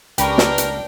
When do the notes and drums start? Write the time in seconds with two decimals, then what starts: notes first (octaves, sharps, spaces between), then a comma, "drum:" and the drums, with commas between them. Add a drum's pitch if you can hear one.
0.18 C#2 D4 G4 A#4 B4 G5 C#6, drum: hi-hat
0.38 drum: snare
0.58 drum: hi-hat